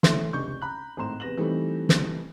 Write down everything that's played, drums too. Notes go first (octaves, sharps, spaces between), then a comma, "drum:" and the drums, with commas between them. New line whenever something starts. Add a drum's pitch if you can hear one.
E3 A3 C#4 E5 C6, drum: snare
F1 C#2 D4 C#6 G6
A#5 B5 F#6
G#1 A2 A#5 C6 E7
E2 C3 B4 A#6 E7 F#7
E3 G3 A3 C4 D#4
drum: snare